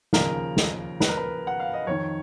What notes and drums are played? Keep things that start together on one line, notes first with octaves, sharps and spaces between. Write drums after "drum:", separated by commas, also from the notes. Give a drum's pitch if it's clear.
D#2 C#3 F3 A#4, drum: snare
drum: snare
B4, drum: snare
A#4
B4
F#5
F5
D#5
F2 D#3 C#5